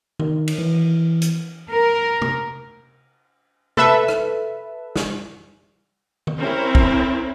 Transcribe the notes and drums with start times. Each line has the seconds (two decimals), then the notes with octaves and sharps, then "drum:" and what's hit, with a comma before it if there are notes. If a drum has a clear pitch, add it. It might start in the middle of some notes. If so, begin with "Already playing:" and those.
0.19 D#3, drum: tom D#3
0.48 drum: cymbal
0.59 E3
1.22 drum: hi-hat
1.69 A#4
2.22 drum: tom
3.77 A4 B4 E5, drum: tom
4.08 drum: rim click
4.96 drum: snare
6.27 drum: tom D#3
6.39 C4 C#4 E4 A#4
6.75 drum: kick